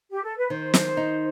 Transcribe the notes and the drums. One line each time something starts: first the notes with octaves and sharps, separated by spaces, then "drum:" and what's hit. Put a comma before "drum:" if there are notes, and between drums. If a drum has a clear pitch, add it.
G4
A4
B4
D#3 C5
drum: snare
D#4